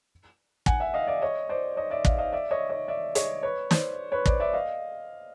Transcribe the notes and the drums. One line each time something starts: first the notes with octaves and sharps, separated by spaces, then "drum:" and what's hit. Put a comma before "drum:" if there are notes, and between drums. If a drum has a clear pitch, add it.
F#5 G#5, drum: kick
E5 F#5
D#5 F5
D5 E5
C#5 D#5
C5 D5
C#5 D#5
D5 E5
D#5 F5, drum: kick
D#5 F5
D5 E5
C#5 D#5
C#5 D#5
D5 E5
C#5 D#5, drum: hi-hat
B4 C#5
C5 D5, drum: snare
B4 C#5
C5 D5, drum: kick
D5 E5
D#5 F5